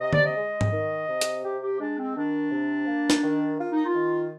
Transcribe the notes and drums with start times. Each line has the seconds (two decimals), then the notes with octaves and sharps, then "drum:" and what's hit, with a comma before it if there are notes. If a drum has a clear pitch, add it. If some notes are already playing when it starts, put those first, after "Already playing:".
0.01 C3 D#5
0.13 D5, drum: tom D3
0.25 D#5
0.37 G#3
0.61 drum: tom G#2
0.72 D#3
1.08 C3
1.21 drum: hi-hat
1.44 C3 G4
1.62 G4
1.80 G#3 D4
1.98 C4
2.16 D#3 D4
2.51 C3
2.87 A#3
3.10 drum: snare
3.23 D#3
3.59 A#3 F4
3.72 D#4
3.86 F4
3.95 D#3